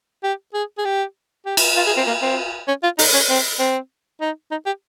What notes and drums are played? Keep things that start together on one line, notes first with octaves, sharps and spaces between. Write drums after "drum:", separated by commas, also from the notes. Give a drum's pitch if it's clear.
G4
G#4
G#4
G4
G4
drum: cymbal
F4
G#4
C4
A#3
C4
C#4
F4
D#4, drum: open hi-hat
C#4
C4
C4
D#4
D#4
G4